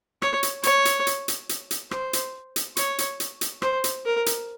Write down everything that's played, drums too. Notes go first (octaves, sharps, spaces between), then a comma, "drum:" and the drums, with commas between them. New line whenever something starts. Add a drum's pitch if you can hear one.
C#5, drum: rim click
drum: hi-hat
C#5, drum: hi-hat
drum: hi-hat
drum: hi-hat
drum: hi-hat
drum: hi-hat
drum: hi-hat
C5, drum: rim click
drum: hi-hat
drum: hi-hat
C#5, drum: hi-hat
drum: hi-hat
drum: hi-hat
drum: hi-hat
C5, drum: rim click
drum: hi-hat
A#4
drum: hi-hat